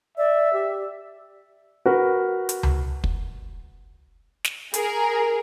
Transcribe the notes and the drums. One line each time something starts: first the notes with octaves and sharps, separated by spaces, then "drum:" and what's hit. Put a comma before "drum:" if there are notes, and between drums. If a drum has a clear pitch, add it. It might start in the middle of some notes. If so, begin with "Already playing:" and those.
D5 E5
G4
F#4 A#4 B4
drum: hi-hat
drum: tom C#2
drum: kick
drum: snare
G#4 A#4, drum: hi-hat